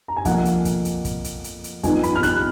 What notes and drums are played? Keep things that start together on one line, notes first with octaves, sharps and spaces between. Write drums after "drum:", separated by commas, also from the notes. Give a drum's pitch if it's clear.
A#5
G#5
F2 F3 A#3 F#5, drum: kick, hi-hat
drum: hi-hat
drum: kick, hi-hat
drum: hi-hat
drum: kick, hi-hat
drum: hi-hat
drum: hi-hat
drum: hi-hat
F2 F3 B3 D#4 G#5, drum: kick, hi-hat
B5, drum: hi-hat
F6
F#6, drum: kick, hi-hat